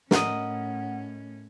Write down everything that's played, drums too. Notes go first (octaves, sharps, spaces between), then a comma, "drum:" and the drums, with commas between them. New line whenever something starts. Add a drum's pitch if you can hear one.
A2 C#4 A#4 D#5 F#5, drum: snare